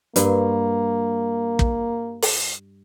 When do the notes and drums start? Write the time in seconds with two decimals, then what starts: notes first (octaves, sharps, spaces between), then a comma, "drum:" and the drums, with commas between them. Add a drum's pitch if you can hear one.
0.16 G2 A#3, drum: hi-hat
1.59 drum: kick
2.22 drum: open hi-hat